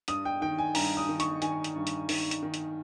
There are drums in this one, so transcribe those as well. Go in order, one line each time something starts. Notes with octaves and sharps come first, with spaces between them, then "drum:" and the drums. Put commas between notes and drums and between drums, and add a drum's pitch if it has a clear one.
G2 D#6, drum: hi-hat
G5
D#3 G5
G#5
G2 A#5, drum: open hi-hat
D#6
D#3
C#6, drum: hi-hat
D#3 G#5, drum: hi-hat
drum: hi-hat
G2
drum: hi-hat
D#3, drum: open hi-hat
drum: hi-hat
D#3
drum: hi-hat